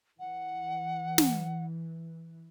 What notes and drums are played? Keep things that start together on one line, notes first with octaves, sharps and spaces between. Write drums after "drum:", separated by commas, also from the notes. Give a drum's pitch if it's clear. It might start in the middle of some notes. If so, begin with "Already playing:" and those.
E3 F#5
drum: snare